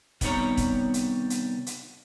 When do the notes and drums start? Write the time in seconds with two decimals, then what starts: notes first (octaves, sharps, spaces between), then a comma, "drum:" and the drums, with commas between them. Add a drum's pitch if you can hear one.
0.21 C3 D#3 G3 B3 C#5 A#5, drum: kick, hi-hat
0.57 drum: kick, hi-hat
0.94 drum: hi-hat
1.30 drum: hi-hat
1.67 drum: hi-hat